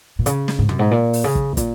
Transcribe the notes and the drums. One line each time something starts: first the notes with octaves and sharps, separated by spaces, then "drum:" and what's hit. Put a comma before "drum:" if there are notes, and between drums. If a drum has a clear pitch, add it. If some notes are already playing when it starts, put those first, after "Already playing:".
A#2
C#3, drum: hi-hat
drum: snare
G#2
F#2, drum: tom
G#2
A#2
drum: open hi-hat
C#3
drum: kick
A#2, drum: kick, hi-hat